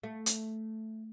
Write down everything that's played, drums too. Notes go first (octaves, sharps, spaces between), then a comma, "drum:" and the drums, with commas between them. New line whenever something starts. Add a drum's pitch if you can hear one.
A3
drum: hi-hat